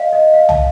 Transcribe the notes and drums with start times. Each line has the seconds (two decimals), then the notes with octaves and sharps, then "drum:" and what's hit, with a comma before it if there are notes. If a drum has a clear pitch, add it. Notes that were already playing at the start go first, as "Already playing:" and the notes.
Already playing: D#5 F5
0.13 D#5
0.34 F5
0.49 A5, drum: tom